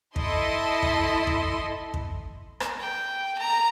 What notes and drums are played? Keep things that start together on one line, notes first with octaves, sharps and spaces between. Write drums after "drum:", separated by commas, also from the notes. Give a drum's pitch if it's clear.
E4 A4 D#5 C6, drum: kick
drum: kick
drum: kick
drum: kick
drum: rim click
G5
A#5